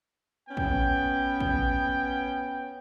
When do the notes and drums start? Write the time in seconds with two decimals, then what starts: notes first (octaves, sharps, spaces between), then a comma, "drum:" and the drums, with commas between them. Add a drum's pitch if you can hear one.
0.48 B3 C#4 G5
0.57 drum: kick
1.40 drum: kick